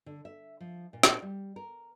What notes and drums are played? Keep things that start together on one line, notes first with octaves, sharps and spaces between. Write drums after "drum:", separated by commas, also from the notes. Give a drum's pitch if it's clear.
D3
E5
F3
A#2
drum: snare
G3
A#4